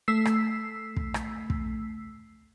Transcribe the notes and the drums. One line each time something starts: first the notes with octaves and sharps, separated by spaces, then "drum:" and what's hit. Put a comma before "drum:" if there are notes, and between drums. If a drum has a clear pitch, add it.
A3 E6 B6 C7
drum: rim click
drum: kick
drum: rim click
drum: kick